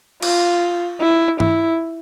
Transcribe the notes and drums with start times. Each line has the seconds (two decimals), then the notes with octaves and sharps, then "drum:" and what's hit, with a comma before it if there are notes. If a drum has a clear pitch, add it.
0.22 F4, drum: cymbal
1.01 E4
1.40 E4, drum: tom